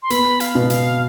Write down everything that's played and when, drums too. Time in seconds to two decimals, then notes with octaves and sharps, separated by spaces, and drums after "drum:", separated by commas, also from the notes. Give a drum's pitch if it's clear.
0.02 C6
0.10 B3 B5, drum: hi-hat
0.40 F5, drum: hi-hat
0.55 B2
0.70 F5, drum: hi-hat